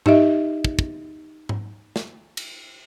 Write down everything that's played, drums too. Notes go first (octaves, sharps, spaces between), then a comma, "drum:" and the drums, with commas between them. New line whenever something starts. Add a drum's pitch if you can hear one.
D#4 G4 D#5 E5, drum: tom G#2
drum: kick
drum: kick
drum: tom G#2
drum: snare
drum: cymbal